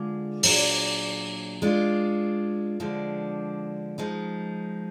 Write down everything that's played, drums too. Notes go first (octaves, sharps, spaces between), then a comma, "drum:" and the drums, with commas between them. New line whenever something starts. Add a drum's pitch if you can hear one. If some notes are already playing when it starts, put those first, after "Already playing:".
Already playing: D3 G#3 D4 F4 G#4
A#2 F#3 D4 G#4, drum: open hi-hat
G#3 D4 F4
D3 F3 G#3 D4
F3 G#3 D#4